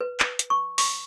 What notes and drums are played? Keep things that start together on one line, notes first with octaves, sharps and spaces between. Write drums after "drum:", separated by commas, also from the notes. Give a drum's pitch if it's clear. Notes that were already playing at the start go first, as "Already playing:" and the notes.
B4
drum: clap
drum: hi-hat
C#6
C#6, drum: open hi-hat